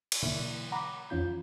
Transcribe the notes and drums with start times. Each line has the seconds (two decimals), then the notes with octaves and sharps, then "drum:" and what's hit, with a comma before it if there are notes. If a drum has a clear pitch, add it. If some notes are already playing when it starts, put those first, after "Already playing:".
0.12 drum: cymbal
0.23 B2 D3 E3 F#3 A#3 E4
0.72 F#5 A#5 B5 D6
1.10 F2 E3 C#4 F4 G6